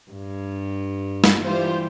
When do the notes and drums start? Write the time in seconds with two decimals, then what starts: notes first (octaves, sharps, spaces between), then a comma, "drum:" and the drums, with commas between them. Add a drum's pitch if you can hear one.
0.12 G2
1.24 drum: snare
1.44 E3 G3 F4 G4 C5